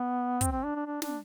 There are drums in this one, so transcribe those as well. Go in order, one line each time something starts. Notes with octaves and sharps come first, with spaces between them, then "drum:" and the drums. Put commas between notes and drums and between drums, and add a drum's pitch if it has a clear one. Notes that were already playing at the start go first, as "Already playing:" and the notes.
Already playing: B3
C4, drum: kick, hi-hat
C4
D4
D4
D4
D4, drum: snare